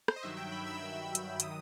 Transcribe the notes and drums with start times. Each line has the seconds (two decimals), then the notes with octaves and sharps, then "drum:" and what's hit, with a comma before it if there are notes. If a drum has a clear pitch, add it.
0.08 C5, drum: rim click
0.16 D#5
0.23 G2 D#3 F#3 E5
0.37 G5
0.52 B5
0.66 E6
1.15 drum: hi-hat
1.40 D#3 F#3 D#6, drum: hi-hat